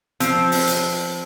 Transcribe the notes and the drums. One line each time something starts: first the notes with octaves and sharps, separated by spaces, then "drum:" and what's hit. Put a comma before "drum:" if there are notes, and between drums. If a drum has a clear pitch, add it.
F3 C4, drum: hi-hat
drum: open hi-hat
drum: hi-hat